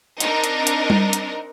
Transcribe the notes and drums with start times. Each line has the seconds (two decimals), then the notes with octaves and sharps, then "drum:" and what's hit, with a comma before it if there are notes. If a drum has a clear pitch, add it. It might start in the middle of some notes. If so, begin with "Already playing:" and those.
0.20 C4 D4 D#4 A#4, drum: hi-hat
0.44 drum: hi-hat
0.67 drum: hi-hat
0.90 drum: tom G3
1.13 drum: hi-hat